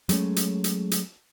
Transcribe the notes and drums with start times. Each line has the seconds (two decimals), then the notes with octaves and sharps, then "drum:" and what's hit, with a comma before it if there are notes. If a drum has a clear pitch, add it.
0.09 F#3 G#3 A3 C#4, drum: hi-hat
0.36 drum: hi-hat
0.64 drum: hi-hat
0.91 drum: hi-hat